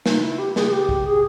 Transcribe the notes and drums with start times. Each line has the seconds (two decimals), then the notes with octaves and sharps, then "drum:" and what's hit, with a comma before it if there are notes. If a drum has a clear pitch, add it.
0.06 D#4, drum: snare
0.22 E4
0.39 G4
0.56 G#4, drum: snare
0.68 G#4
0.72 G4
0.89 drum: kick
1.06 G#4